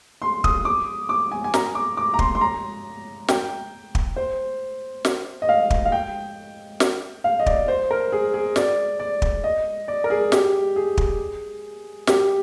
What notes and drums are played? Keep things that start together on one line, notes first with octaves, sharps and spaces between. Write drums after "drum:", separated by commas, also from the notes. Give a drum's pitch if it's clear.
C6
D#6, drum: kick
D6
D6
G#5
G#5
A#5, drum: snare
D6
D6
A#5
C6, drum: kick
C6
A#5
G5, drum: snare
drum: kick
C5
drum: snare
D#5
F5
drum: kick
F5
G5
drum: snare
F5
D#5
D5, drum: kick
C5
A#4
G#4
G#4
D5, drum: snare
D5
drum: kick
D#5
D5
A#4
G#4
G4, drum: snare
G#4
drum: kick
G4, drum: snare